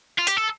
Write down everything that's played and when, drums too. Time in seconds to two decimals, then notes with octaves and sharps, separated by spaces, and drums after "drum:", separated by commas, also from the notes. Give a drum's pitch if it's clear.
0.18 F4
0.27 G4, drum: hi-hat
0.37 A4